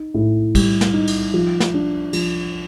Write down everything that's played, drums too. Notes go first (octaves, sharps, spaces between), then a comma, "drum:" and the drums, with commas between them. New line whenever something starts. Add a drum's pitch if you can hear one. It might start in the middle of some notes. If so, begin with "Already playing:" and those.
Already playing: D#4
A2
G3, drum: kick, cymbal
drum: snare
D#4
drum: cymbal
F3
drum: snare
D4
F3, drum: cymbal